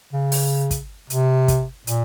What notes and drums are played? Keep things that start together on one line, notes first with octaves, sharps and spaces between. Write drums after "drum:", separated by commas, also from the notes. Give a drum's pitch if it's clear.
C#3
drum: open hi-hat
drum: kick, hi-hat
C3, drum: hi-hat
drum: kick, hi-hat
A#2, drum: hi-hat